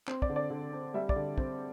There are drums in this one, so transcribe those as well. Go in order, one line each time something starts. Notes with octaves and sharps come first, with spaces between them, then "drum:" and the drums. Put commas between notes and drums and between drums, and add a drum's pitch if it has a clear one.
C4 C5, drum: clap
D5, drum: kick
D3
D5
D3
C4
G3 E5
D5, drum: kick
D3
C4, drum: kick